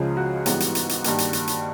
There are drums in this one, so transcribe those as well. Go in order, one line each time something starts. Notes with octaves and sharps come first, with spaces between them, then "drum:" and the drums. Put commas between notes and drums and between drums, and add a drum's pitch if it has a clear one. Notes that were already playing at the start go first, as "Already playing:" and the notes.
Already playing: C#2 C#3 F3 G#3 G#4
F#4
G#2 E3 G3 B3 F#4, drum: hi-hat
drum: hi-hat
drum: hi-hat
drum: hi-hat
G2 D#3 G3 A#3, drum: hi-hat
drum: hi-hat
drum: hi-hat
drum: hi-hat